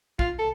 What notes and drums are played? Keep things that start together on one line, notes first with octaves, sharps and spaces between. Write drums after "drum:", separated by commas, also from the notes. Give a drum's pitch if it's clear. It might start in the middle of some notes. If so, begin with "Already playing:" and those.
F4, drum: kick
A4